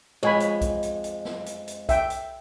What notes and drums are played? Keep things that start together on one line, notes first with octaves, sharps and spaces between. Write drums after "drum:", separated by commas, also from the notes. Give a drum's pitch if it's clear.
F2 G#3 C#5 G#5 B5
drum: hi-hat
drum: kick B1, hi-hat
drum: hi-hat
drum: hi-hat
drum: snare
drum: hi-hat
drum: hi-hat
E5 G5, drum: kick B1, hi-hat
drum: hi-hat